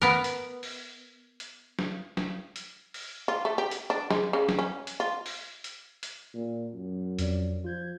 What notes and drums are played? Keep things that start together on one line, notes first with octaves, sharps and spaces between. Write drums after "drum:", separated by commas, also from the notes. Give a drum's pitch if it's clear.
B3 A#4
drum: hi-hat
drum: open hi-hat
drum: hi-hat
drum: snare
drum: snare
drum: hi-hat
drum: open hi-hat
F4
A3
G4
drum: hi-hat
D4
G#3, drum: snare
C#3
drum: snare
C#4
drum: hi-hat
F4
drum: open hi-hat
drum: hi-hat
drum: hi-hat
A#2
F#2
F2 D5, drum: hi-hat
F3 F4 G6 G#6